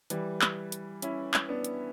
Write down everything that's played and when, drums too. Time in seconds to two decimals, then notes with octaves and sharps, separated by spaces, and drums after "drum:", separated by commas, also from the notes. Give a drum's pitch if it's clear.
0.10 E3 G3, drum: hi-hat
0.42 drum: clap
0.72 drum: hi-hat
1.02 C#4 E4, drum: hi-hat
1.34 drum: clap
1.49 B3 D4
1.65 drum: hi-hat